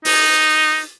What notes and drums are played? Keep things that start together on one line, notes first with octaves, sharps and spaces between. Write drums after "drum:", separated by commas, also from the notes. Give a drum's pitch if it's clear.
D#4, drum: open hi-hat